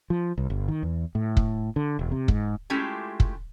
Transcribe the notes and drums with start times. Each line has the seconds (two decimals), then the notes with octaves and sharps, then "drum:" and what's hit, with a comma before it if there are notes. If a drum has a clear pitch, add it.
0.10 F3
0.38 C2
0.50 G1
0.68 D#3
0.83 E2
1.15 A2
1.37 drum: kick
1.76 D3
1.99 E1
2.12 C3
2.28 G#2, drum: kick
2.70 G#3 A3 C#4 E4 F4 G4
3.20 drum: kick